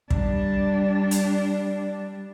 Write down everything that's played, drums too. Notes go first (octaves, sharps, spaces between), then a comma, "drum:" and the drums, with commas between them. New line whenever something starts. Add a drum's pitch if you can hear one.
G3 D4, drum: kick
drum: hi-hat